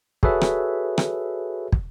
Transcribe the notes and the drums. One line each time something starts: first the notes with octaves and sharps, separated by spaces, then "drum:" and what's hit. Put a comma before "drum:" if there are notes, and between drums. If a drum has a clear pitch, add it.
F#4 G#4 A4 B4 C#5 E5, drum: kick
drum: rim click
drum: rim click
drum: kick